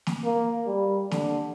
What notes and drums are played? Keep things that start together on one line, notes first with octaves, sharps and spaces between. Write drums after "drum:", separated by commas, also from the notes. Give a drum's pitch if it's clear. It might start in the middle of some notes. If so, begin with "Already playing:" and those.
drum: snare
A#3
G3
D3, drum: snare